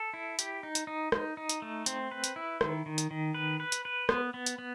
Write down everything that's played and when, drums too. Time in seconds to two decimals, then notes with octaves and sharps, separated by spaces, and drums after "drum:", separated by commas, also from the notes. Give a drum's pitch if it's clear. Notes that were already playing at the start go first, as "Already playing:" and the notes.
Already playing: A4
0.14 E4
0.39 G4, drum: hi-hat
0.63 D#4
0.75 drum: hi-hat
0.87 D#4
1.12 D#4, drum: rim click
1.37 D#4
1.49 drum: hi-hat
1.62 A3
1.86 C4, drum: hi-hat
2.11 B4
2.24 drum: hi-hat
2.36 E4
2.61 D#3, drum: rim click
2.86 D#3
2.98 drum: hi-hat
3.11 D#3
3.34 B4
3.60 B4
3.72 drum: hi-hat
3.85 B4
4.09 B3, drum: rim click
4.34 B3
4.46 drum: hi-hat
4.59 B3